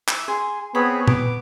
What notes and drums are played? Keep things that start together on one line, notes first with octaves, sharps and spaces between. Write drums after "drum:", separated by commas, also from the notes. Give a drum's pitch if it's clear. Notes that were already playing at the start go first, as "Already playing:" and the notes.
E5, drum: clap
G#4 G#5 C6
B3 C4 G#4 C#5 B5
D6, drum: tom